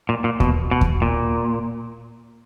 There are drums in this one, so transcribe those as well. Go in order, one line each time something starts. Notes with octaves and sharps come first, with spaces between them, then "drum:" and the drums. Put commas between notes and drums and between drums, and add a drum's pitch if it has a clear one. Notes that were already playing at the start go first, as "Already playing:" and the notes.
A#2
A#2
B2, drum: kick D#2
B2
drum: kick D#2
A#2